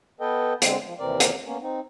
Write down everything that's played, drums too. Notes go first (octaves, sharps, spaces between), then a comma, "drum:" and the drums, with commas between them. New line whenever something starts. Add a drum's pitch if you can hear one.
B3 A4 B4 D#5 G5
D3 G#3 C4, drum: hi-hat
F3
D#2 C3 E3 C4 A#4 D5
drum: hi-hat
A#3 B3 C#4
C4 D#4